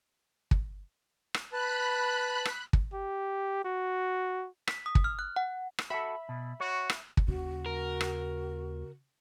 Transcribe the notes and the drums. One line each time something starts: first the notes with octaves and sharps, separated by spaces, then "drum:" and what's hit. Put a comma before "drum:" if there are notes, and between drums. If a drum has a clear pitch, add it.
drum: kick
drum: rim click
B4 A5 B5 F#6
drum: rim click
drum: kick
G4
F#4
B6, drum: rim click
D#6
drum: kick
F6
F#6
F#5
drum: rim click
F#4 A4 E5 B5
B2
F#4 C#5
drum: rim click
drum: kick
D#2 C#3 F#4
A#4
drum: rim click